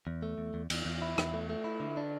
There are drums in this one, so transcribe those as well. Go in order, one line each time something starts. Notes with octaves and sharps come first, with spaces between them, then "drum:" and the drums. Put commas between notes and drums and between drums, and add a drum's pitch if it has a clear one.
E2
A3
E2
E2
E2, drum: cymbal
E2
E4
E2, drum: rim click
A3
A3
E4
D3
D4